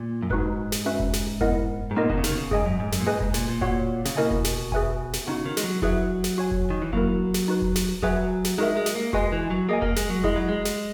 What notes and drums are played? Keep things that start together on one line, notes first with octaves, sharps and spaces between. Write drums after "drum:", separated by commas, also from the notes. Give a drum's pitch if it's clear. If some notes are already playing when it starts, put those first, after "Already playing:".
Already playing: A#2
F#2
G#2 D#4 F#4 B4, drum: kick F1
drum: snare
C#4 F#4 B4 E5
drum: kick F1
drum: snare
B3 E4 A#4 D#5 F#5, drum: kick F1
G#2
A#2 B3 D#4 A#4 D#5
B2, drum: kick F1
C#3
D#3, drum: snare
B2
C#3
G#2 G#4 D#5 G#5, drum: kick F1
F#2
G#2
F#2, drum: snare
A#2
G#2 G#4 B4 D#5 G#5
G#2, drum: kick F1
A#2, drum: snare
A#2
A#2 F#4 C#5 F#5, drum: kick F1
C#3, drum: snare
B2 A#3 E4 A#4 D#5 G#5
drum: kick F1
drum: snare
G#4 B4 E5 G#5, drum: kick F1
drum: snare
C#3 B3 D#4 F#4
D#3
G#3, drum: snare
F#3
F#3 E4 G#4 B4 E5, drum: kick F1
drum: snare
F#4 C#5 G#5
drum: kick F1
D#3
E3
F#3 A#3 E4 A#4, drum: kick F1
drum: snare
D#4 F#4 B4
drum: kick F1
drum: snare
F#3 G#4 B4 E5 G#5, drum: kick F1
drum: snare
G#3 D#4 F#4 A#4 E5
G#3
drum: snare
A#3
G#3 F#4 B4 D#5 G#5, drum: kick F1
E3
F#3
A#3 G#4 D#5 G#5
A#3, drum: kick F1
G#3, drum: snare
F#3
G#3 E4 G#4 D#5, drum: kick F1
F#3
G#3
drum: snare